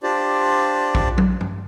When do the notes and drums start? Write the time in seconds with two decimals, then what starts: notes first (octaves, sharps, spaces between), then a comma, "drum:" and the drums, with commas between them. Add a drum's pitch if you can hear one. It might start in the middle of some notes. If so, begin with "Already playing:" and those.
0.03 D4 F4 G4 C5 D5
0.95 drum: kick A#1
1.18 drum: tom
1.41 drum: tom G2